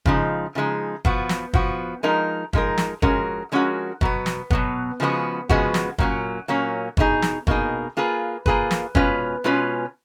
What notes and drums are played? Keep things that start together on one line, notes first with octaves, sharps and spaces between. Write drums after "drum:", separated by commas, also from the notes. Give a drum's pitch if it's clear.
C#3 F3 G#3 D#4, drum: kick
C#3 F3 G#3 D#4
F3 B3 F#4, drum: kick
drum: snare
F3 B3 F#4, drum: kick
F3 G#3 D#4 A#4
F3 G#3 D#4 A#4, drum: kick
drum: snare
F3 G#3 C#4 F#4 A#4, drum: kick
F3 G#3 C#4 F#4 A#4
B2 F#3 B3, drum: kick
drum: snare
B2 F#3 B3, drum: kick
C#3 F3 G#3 B3 F#4
C#3 F3 G#3 B3 F#4, drum: kick
drum: snare
A#2 F#3 A#3 C#4, drum: kick
A#2 F#3 A#3 C#4
B2 A#3 D#4 G#4, drum: kick
drum: snare
B2 A#3 D#4 G#4, drum: kick
A#3 F4 G#4 B4
A#3 F4 G#4 B4, drum: kick
drum: snare
B2 G#3 C#4 F4 B4, drum: kick
B2 G#3 C#4 F4 B4